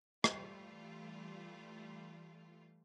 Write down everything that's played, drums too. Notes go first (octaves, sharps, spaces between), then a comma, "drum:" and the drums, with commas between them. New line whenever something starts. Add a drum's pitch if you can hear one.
E3 G3 A3 F4, drum: rim click